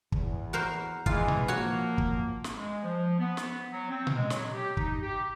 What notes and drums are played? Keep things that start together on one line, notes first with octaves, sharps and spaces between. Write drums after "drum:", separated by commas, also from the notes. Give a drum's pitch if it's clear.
E2, drum: kick
F#4 A#4 C5
E3 G#3 F4, drum: kick
drum: tom A#2
F3 A#3 F#4 C#5
drum: kick
drum: snare
G#3
F3
B3
drum: snare
F#3
C4
drum: tom A#2
G#3
F#3, drum: snare
G4
D#4, drum: kick
G4